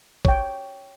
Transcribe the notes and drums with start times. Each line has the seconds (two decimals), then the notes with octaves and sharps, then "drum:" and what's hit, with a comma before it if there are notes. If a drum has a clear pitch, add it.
0.25 C#5 G5, drum: kick